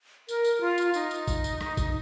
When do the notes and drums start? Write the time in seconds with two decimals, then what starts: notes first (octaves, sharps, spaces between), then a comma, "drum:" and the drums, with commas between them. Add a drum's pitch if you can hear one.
0.29 A#4, drum: tambourine
0.45 drum: tambourine
0.61 F4
0.78 drum: tambourine
0.94 D#4, drum: tambourine
1.11 drum: tambourine
1.28 drum: kick, tambourine
1.44 drum: tambourine
1.61 drum: rim click
1.77 drum: kick, tambourine